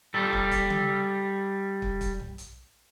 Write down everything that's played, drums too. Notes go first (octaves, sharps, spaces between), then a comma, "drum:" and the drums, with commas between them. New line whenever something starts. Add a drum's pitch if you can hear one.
G3 A4
drum: kick
drum: kick, hi-hat
drum: tom C#3
drum: kick
drum: kick, hi-hat
drum: tom B1
drum: hi-hat